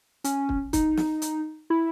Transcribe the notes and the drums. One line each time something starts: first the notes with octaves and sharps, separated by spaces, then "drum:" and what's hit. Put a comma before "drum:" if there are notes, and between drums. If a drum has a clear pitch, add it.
C#4, drum: hi-hat
drum: kick
D#4, drum: kick, hi-hat
drum: snare
drum: hi-hat
E4